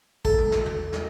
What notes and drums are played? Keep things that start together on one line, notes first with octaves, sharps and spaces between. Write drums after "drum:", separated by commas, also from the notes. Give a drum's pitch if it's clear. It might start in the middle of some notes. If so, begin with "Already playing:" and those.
A4, drum: kick A1
drum: tom
drum: snare
drum: tom
drum: snare